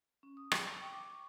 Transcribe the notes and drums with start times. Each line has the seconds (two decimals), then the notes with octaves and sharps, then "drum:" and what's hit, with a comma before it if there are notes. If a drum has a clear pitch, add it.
0.23 C#4
0.37 D#6
0.52 G5, drum: rim click
0.67 C#6
0.81 G5
0.92 D6
1.08 C#6